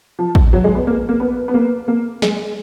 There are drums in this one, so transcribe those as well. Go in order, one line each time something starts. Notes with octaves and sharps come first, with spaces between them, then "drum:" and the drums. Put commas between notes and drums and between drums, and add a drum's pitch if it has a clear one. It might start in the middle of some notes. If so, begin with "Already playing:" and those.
F3
drum: kick
F#3
G#3
B3
A#3
A#3
B3
B3
A#3
A#3
G#3, drum: snare